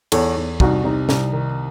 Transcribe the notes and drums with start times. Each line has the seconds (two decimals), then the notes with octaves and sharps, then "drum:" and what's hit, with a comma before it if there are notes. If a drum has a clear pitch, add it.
0.12 E2 A4 C#5, drum: cymbal
0.36 E2
0.60 C2 D#4 F#4, drum: kick
0.84 C3 D#4
1.09 C2, drum: snare
1.33 D#3